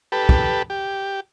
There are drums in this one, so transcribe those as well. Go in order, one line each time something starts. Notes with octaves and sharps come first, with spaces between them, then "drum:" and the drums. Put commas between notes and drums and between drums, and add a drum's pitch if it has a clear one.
G4 A4 B4
drum: kick
G4